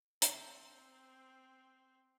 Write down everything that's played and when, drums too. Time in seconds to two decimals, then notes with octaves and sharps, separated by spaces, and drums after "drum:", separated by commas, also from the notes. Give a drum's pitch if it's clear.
0.22 C4 C5, drum: hi-hat